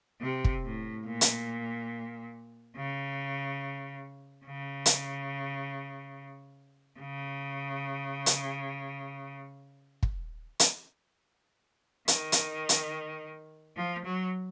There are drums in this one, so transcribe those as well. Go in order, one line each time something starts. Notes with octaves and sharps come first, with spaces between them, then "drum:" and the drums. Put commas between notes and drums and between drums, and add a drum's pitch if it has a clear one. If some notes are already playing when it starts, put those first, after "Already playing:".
C3
drum: kick
A2
A#2
drum: hi-hat
C#3
C#3
drum: hi-hat
C#3
drum: hi-hat
drum: kick
drum: hi-hat
D#3, drum: hi-hat
drum: hi-hat
drum: hi-hat
F3
F#3